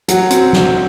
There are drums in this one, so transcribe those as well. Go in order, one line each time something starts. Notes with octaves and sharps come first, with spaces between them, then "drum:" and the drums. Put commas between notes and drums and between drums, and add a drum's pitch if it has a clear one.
F#3 F#5, drum: hi-hat
C4, drum: hi-hat
drum: snare